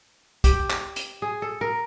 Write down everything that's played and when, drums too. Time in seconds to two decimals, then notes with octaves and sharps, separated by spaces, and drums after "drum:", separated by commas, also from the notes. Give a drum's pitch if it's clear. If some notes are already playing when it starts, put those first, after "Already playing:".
0.44 G4, drum: kick, hi-hat
0.70 drum: clap
0.96 drum: hi-hat
1.22 G#4
1.42 A4
1.61 A#4